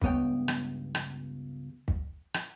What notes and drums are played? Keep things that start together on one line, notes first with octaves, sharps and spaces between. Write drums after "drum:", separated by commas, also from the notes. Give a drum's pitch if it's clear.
C#2 G2 B3 C#5 G5, drum: kick
drum: rim click
drum: rim click
drum: kick
drum: rim click